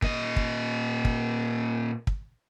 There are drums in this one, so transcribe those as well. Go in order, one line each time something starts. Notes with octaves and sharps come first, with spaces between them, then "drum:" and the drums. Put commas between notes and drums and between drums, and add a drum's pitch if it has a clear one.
A#2 D#5, drum: kick
drum: kick
drum: kick
drum: kick